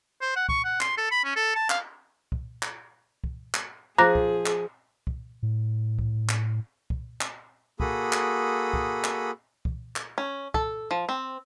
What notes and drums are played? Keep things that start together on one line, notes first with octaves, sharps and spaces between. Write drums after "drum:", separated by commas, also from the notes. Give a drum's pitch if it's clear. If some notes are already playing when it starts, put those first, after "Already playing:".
C5
F#5
C#6, drum: kick C2
F#5
C6, drum: clap
A4
B5
C#4
A4
A5
F5, drum: clap
drum: kick C2
drum: clap
drum: kick C2
drum: clap
F3 G#4 A#5 D6 F#6 A#6
drum: kick C2
drum: clap
drum: kick C2
A2
drum: kick C2
drum: clap
drum: kick C2
drum: clap
A#3 F#4 G#4 A4 B5 D#6, drum: kick C2
drum: clap
drum: kick C2
drum: clap
drum: kick C2
drum: clap
C#4
A4, drum: kick C2
F3
C4